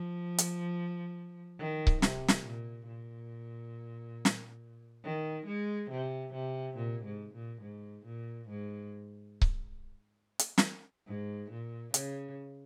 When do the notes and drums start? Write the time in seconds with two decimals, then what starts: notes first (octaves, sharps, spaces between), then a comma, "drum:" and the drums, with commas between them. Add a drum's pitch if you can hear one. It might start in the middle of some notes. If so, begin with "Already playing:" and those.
Already playing: F3
0.38 drum: hi-hat
1.59 D#3
1.87 drum: kick C#1
2.02 C3, drum: snare
2.28 drum: snare
2.45 A#2
2.88 A#2
4.25 drum: snare
5.04 D#3
5.46 G#3
5.91 C3
6.34 C3
6.77 A#2
7.05 G#2
7.34 A#2
7.62 G#2
8.06 A#2
8.49 G#2
9.41 drum: kick C#1
10.39 drum: hi-hat
10.58 drum: snare
11.07 G#2
11.51 A#2
11.94 C#3, drum: hi-hat